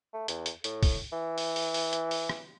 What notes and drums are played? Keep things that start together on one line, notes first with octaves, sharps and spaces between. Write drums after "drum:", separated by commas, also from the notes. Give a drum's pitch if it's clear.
A3
E2, drum: hi-hat
drum: hi-hat
A2, drum: hi-hat
drum: kick, open hi-hat
E3
drum: open hi-hat
drum: open hi-hat
drum: open hi-hat
drum: hi-hat
drum: open hi-hat
drum: rim click